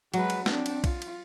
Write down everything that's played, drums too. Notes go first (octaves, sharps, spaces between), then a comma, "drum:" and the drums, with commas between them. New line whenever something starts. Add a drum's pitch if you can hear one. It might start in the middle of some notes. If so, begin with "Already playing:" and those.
F#3 G#3 B4, drum: cymbal
drum: cymbal
C4 D4, drum: snare
drum: cymbal
F4, drum: kick, cymbal
drum: cymbal